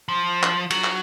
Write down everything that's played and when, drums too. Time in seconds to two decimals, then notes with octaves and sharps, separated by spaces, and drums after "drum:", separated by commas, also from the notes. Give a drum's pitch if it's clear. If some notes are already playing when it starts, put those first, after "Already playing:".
0.08 F3
0.43 drum: clap
0.71 F#3, drum: cymbal
0.84 drum: clap